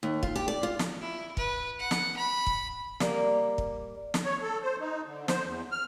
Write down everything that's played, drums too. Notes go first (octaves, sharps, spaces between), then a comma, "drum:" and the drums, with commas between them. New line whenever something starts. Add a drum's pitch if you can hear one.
D#2
F4, drum: kick
G4
D5
F4
drum: snare
E4
B4, drum: kick
F#5
drum: snare
B5
drum: kick
G3 A#3 A#4, drum: snare
drum: kick
drum: snare
C#5
A4
C5
D#4
D3
C5, drum: snare
E2
F6